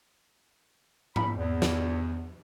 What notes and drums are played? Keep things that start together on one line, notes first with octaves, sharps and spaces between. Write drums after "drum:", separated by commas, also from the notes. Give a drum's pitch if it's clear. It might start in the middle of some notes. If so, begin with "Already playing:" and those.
B5, drum: tom
E2
drum: snare